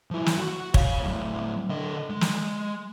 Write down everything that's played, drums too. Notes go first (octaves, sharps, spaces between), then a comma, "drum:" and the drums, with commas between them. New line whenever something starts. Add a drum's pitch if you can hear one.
F3 E4
drum: snare
F#4
C#5 F5, drum: kick
A2 F#3
D3 D#5
G#3
drum: snare